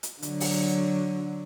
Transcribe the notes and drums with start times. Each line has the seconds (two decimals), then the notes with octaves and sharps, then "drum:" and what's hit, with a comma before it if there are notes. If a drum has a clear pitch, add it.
0.03 drum: hi-hat
0.22 D3 F#3, drum: hi-hat
0.40 drum: open hi-hat